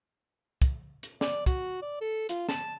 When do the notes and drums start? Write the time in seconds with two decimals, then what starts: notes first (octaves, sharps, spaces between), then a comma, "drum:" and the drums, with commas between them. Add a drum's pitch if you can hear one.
0.62 drum: kick, hi-hat
1.03 drum: hi-hat
1.21 D5, drum: snare
1.46 F#4, drum: kick, hi-hat
1.82 D5
2.01 A4
2.29 F4, drum: hi-hat
2.49 A5, drum: snare